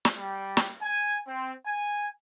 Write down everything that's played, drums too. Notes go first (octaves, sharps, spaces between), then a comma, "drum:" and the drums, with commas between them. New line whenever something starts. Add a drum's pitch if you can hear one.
drum: snare
G3
drum: snare
G#5
C4
G#5